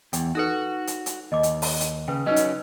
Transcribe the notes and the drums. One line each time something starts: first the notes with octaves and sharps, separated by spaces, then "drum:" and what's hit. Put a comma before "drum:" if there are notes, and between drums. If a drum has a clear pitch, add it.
E2 G5, drum: hi-hat
D#4 F#4 A4 B4 F#5
drum: hi-hat
drum: hi-hat
D#2 D#5 D6
drum: hi-hat
drum: open hi-hat
drum: hi-hat
C#3 B4 G5
F#3 C#4 D#4 B4 D#5
drum: hi-hat